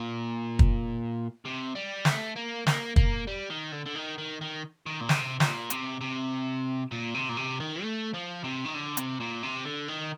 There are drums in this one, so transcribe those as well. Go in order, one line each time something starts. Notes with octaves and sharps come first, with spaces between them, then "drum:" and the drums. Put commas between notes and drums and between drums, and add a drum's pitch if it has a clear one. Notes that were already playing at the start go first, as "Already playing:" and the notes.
Already playing: A#2
drum: kick
C3
G3
A3, drum: snare
A#3
A#3, drum: snare
A#3, drum: kick
G3
D#3
D3
D3
D#3
D#3
D#3
D#3
A#2
C3, drum: snare
A#2, drum: snare
C3, drum: hi-hat
C3
A#2
C3
A#2
C3
D#3
A3
F3
C3
D#3
D3
C3, drum: hi-hat
A#2
C3
D3
D#3